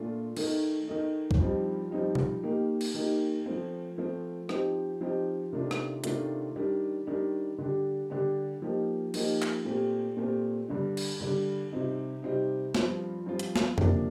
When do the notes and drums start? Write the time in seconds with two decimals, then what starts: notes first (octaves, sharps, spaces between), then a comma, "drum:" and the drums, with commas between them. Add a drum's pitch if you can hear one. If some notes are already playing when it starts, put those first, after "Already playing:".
Already playing: A#2 A3 D4 F4
0.37 D#3 A3 D#4, drum: cymbal
0.88 D#3 A3 D#4
1.31 drum: kick
1.40 G2 F3 C4 D#4 G4
1.91 G2 F3 C4 D#4 G4
2.15 drum: tom B2
2.43 D#3 A#3 D#4 G4
2.81 drum: cymbal
2.95 D#3 A#3 D#4 G4
3.46 F3 A3 C4
3.98 F3 A3 C4
4.49 F3 C4 D#4 G4, drum: rim click
5.01 F3 C4 D#4 G4
5.53 C3 D#3 A3 D4 F4
5.71 drum: rim click
6.04 C3 D#3 A3 D4 F4, drum: hi-hat
6.56 D#3 G3 D4
7.07 D#3 G3 D4
7.58 D3 G3 D4 G4
8.10 D3 G3 D4 G4
8.62 F3 A#3 D#4 G4
9.14 F3 A#3 D#4 G4, drum: cymbal
9.42 drum: clap
9.65 A#2 A3 C4 G4
10.17 A#2 A3 C4 G4
10.68 G2 D3 G3 D4
10.97 drum: cymbal
11.20 G2 D3 G3 D4
11.72 C3 G3 C4 D#4
12.22 C3 G3 C4 D#4
12.75 G2 F3 C4 F4, drum: snare
13.26 G2 F3 C4 F4
13.39 drum: hi-hat
13.56 drum: snare
13.78 C3 F3 A#3 D4, drum: tom F2